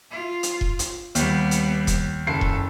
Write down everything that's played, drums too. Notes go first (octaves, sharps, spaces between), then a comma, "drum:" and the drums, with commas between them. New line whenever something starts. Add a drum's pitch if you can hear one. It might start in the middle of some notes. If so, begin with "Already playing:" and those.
F4
drum: hi-hat
drum: kick E1
drum: hi-hat
D#2 G3 B3, drum: hi-hat
drum: hi-hat
drum: kick E1, hi-hat
F#1 A4 C7
drum: kick E1